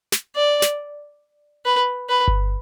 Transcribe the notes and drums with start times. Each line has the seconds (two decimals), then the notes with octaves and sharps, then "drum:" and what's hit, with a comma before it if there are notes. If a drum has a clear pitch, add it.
0.12 drum: snare
0.36 D5
0.62 drum: snare
1.65 B4
2.09 B4
2.28 drum: kick G1